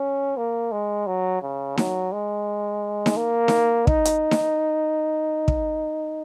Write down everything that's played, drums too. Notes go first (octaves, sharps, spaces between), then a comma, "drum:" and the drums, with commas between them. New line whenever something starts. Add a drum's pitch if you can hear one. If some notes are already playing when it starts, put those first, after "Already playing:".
Already playing: C#4
A#3
G#3
F#3
C#3
F#3, drum: snare D#4
G#3
drum: snare D#4
A#3
drum: snare D#4
D#4, drum: kick
drum: hi-hat
drum: snare D#4
drum: kick